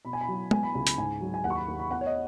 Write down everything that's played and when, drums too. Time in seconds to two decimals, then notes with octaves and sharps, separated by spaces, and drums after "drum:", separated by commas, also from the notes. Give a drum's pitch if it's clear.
0.05 B2 B5
0.13 G#5
0.21 B5
0.28 F#3
0.51 B3 G#5, drum: tom
0.63 B5
0.75 C#2 B5
0.87 B5, drum: hi-hat
0.98 G#2 G#5
1.21 F#3
1.34 G#5
1.44 D#2 F#5
1.50 C#6
1.56 B5
1.68 D#2
1.79 B5
1.91 B3 F#5
2.01 C#5
2.06 D#5